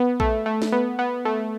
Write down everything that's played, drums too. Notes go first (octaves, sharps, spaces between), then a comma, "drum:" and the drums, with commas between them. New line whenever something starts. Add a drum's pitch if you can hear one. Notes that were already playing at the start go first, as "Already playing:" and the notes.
Already playing: B3
A3, drum: kick A#1
A3
drum: snare
B3
B3
A3